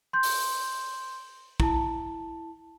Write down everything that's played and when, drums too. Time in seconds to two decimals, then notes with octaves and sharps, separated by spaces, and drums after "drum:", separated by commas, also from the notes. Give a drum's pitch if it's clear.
0.13 C6 G6
0.23 drum: open hi-hat
1.60 E4 A5, drum: kick